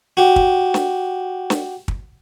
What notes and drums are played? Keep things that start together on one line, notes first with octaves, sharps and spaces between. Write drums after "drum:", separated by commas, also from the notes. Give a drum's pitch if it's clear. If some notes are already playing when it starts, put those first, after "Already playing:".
F#4 G4
drum: kick
drum: snare
drum: snare
drum: kick